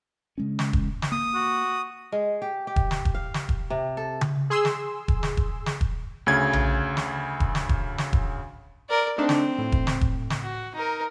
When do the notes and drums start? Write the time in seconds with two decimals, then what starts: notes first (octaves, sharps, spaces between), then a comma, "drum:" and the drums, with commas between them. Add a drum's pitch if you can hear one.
0.38 C#3 G#3 C#4
0.59 drum: snare
0.73 drum: kick E1
1.02 drum: snare
1.12 A#3 D#6
1.35 F#4
2.12 G#3
2.42 G4
2.67 G4
2.76 drum: kick E1
2.91 drum: snare
3.05 drum: kick E1
3.15 F5
3.34 drum: snare
3.49 drum: kick E1
3.70 C3
3.97 A4
4.21 drum: tom C#3
4.50 G#4 C6 E6
4.65 drum: snare
5.08 drum: kick E1
5.23 drum: snare
5.37 drum: kick E1
5.66 drum: snare
5.81 drum: kick E1
6.26 D2 C#3 G#6
6.53 drum: tom A#1
6.97 drum: snare
7.40 drum: kick E1
7.55 drum: snare
7.69 drum: kick E1
7.98 drum: snare
8.13 drum: kick E1
8.89 A#4 D5
9.18 A3 C4 D4 D#4
9.29 drum: snare
9.58 A2
9.72 drum: kick E1
9.87 drum: snare
10.01 drum: kick E1
10.30 drum: snare
10.41 F#4
10.74 D#4 A#4